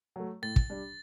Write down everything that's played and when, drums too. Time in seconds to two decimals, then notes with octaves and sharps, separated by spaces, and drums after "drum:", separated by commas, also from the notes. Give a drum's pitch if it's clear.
0.16 F#3 A3
0.42 A2 A6
0.56 drum: kick
0.70 G3 D4